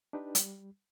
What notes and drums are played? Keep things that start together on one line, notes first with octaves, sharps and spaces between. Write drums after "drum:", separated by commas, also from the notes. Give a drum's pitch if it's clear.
D4 D#4 G4 B4
G3, drum: hi-hat